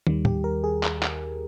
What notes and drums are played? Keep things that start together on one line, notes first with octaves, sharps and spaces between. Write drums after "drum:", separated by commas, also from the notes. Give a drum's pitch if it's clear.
D#2 D#3 G3, drum: tom
G4, drum: tom
A#4
G#4
drum: clap
drum: clap